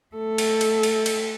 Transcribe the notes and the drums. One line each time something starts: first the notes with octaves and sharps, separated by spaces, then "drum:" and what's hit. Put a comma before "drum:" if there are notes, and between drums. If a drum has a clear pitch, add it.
A3 A4
drum: cymbal
drum: cymbal
drum: cymbal
drum: cymbal